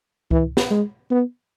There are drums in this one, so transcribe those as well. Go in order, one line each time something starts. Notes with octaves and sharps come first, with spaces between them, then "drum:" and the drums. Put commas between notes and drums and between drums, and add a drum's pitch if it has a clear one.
E3, drum: kick C#2
drum: snare
G#3
B3